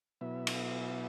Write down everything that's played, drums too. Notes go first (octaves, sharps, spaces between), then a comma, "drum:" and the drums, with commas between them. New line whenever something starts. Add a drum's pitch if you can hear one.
B2 F#3 B3 E4 E5
drum: cymbal